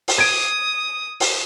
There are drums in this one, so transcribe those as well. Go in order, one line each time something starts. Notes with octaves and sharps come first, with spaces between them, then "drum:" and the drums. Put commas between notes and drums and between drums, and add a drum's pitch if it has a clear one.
drum: open hi-hat
D#6 G#6 D7
drum: open hi-hat